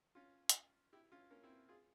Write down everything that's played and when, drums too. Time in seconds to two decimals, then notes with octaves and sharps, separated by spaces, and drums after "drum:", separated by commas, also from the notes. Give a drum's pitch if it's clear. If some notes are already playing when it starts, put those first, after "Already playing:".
0.15 C#4 F4
0.49 drum: hi-hat
0.93 E4 G4
1.12 C#4 F4
1.31 A#3 C#4
1.43 C4 E4
1.69 F4 G#4